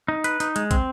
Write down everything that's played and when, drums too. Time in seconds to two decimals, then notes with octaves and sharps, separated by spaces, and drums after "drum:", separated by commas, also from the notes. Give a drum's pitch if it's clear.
0.08 D#4
0.24 B4, drum: hi-hat
0.40 D#4, drum: hi-hat
0.56 G#3, drum: hi-hat
0.71 C4, drum: kick, hi-hat